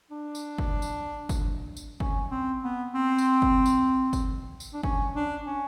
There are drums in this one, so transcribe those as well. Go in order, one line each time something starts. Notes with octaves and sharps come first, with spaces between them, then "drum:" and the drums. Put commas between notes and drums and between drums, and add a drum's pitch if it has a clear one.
D4
drum: tambourine
drum: kick
drum: tambourine
drum: kick, tambourine
drum: tambourine
C#4, drum: kick
C4
B3
C4
drum: tambourine
drum: kick
drum: tambourine
drum: kick, tambourine
drum: tambourine
D4
C#4, drum: kick
D4
C#4